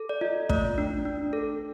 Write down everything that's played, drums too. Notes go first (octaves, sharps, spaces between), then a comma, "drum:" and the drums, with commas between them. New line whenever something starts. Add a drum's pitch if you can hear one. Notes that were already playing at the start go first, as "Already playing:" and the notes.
Already playing: A4
D5
F4 D#5
A3 D5, drum: kick
D4
D4
A4